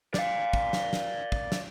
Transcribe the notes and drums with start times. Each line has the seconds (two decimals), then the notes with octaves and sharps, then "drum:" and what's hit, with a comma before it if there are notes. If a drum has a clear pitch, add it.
0.14 D5 F5, drum: snare
0.53 drum: kick
0.73 drum: snare
0.93 drum: snare
1.32 drum: kick
1.52 drum: snare